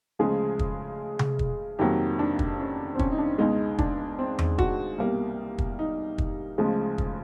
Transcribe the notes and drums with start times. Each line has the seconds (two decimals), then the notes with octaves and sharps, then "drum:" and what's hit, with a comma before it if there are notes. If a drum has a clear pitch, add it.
0.19 D2 C#3 F3 G#3 G#4
0.59 drum: kick
1.19 drum: tom C3
1.39 drum: kick
1.79 F2 C3 D#3 F#3 A#3 G4
2.19 D4
2.39 drum: kick
2.59 C#4
2.95 C4
2.99 C#4, drum: kick
3.12 D#4
3.19 D4
3.38 C#2 B2 G#3 D#4
3.79 D4, drum: kick
4.19 C4
4.39 drum: tom E2
4.58 F#4, drum: kick
4.98 C2 B2 G3 A#3
5.58 drum: kick
5.79 D#4
6.18 drum: kick
6.58 D2 C#3 F3 G#3
6.98 drum: kick